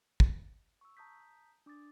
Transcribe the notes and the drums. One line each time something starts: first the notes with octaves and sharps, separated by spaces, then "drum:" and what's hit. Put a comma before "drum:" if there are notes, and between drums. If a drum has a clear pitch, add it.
drum: kick
C#6 E6
A5 A#5 D#6 G6 B6
D4 D6 D#6 A6